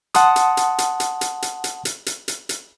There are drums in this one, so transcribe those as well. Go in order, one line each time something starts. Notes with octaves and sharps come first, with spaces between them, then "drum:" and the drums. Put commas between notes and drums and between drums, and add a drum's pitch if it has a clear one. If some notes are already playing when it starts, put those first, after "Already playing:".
F#5 A5 C6 D#6, drum: hi-hat
drum: hi-hat
drum: hi-hat
drum: hi-hat
drum: hi-hat
drum: hi-hat
drum: hi-hat
drum: hi-hat
drum: hi-hat
drum: hi-hat
drum: hi-hat
drum: hi-hat